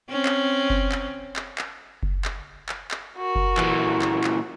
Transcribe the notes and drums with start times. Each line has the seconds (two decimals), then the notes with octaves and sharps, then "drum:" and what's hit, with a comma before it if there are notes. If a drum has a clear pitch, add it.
0.10 C4 C#4
0.26 drum: clap
0.70 drum: kick F#1
0.92 drum: clap
1.36 drum: clap
1.58 drum: clap
2.03 drum: kick F#1
2.25 drum: clap
2.69 drum: clap
2.91 drum: clap
3.17 F#4 A#4
3.35 drum: kick F#1
3.58 A#2 E3, drum: clap
4.02 drum: clap
4.24 drum: clap